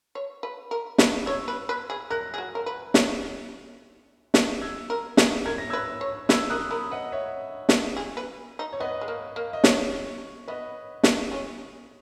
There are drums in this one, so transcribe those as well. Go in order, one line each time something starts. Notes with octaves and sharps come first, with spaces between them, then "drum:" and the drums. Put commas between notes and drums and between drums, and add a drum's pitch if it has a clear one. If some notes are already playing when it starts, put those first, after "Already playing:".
C#5
B4
A#4
B4, drum: snare
C#5 E6 G#6
B4
B4
G#4
A#4 F#6 A#6
G#4
F#4
A#4
B4
C#5, drum: snare
drum: snare
E6 G#6
A#4
G#4, drum: snare
A#4 G#6
A#6
B4 E6 G#6
C#5
B4 E6 G#6, drum: snare
A#4 D#6 F#6
A#4 B5 D#6
B4 D#5 F#5
C#5 E5
drum: snare
G#4
B4
D#4
C#5
B3 B4 D#5
G#3
A#3
A#3
D#5
C#5, drum: snare
B3 B4 D#5
drum: snare
C#4